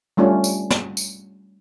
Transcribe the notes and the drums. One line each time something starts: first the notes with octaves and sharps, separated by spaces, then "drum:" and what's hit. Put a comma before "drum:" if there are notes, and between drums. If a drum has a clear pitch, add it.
G3 A3 C#4 D4 F4
drum: tambourine
drum: snare
drum: tambourine